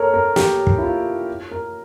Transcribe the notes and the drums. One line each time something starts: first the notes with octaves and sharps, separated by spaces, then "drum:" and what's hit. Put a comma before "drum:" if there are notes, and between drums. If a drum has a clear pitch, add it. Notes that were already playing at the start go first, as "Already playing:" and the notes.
Already playing: A4 A#4 C#5
A#4
G4, drum: snare
drum: kick
E4
F4
A#4